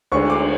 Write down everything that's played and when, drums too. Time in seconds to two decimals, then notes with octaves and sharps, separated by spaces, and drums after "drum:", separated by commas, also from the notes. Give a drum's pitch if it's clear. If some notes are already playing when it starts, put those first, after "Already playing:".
0.12 D2 D3 G#3 C#6, drum: cymbal
0.30 D6